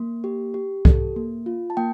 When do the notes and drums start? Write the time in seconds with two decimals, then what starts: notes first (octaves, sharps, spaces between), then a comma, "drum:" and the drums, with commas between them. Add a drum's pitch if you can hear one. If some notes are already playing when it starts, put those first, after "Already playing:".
Already playing: A#3
0.24 G4
0.54 G4
0.85 A4, drum: kick C2
1.16 A#3
1.46 F4
1.70 A5
1.77 A#3 G5